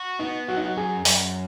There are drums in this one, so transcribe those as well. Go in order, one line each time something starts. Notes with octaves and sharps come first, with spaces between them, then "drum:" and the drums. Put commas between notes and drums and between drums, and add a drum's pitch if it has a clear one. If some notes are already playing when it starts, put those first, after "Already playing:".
Already playing: F#4
B3 D#4
F#3 F#4
D#4
F#4
F#2 G#4
F#2, drum: open hi-hat